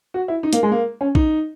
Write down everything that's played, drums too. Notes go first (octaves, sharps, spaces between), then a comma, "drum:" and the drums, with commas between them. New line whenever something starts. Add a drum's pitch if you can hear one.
F#4
E4
D#4
A#3, drum: hi-hat
G#3
A#3
C#4
D#4, drum: kick